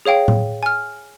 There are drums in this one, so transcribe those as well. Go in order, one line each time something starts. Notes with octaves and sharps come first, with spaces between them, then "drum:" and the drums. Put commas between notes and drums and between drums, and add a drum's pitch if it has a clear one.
G#4 C#5 F5 G5
drum: tom A2
G#5 F6